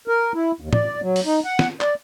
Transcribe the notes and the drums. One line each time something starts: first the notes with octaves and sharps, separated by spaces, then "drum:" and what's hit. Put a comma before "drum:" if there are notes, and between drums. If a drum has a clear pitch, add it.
A#4
E4
D#2
D5, drum: tom
F#3
drum: open hi-hat
D#4
F#5
drum: snare
D5, drum: clap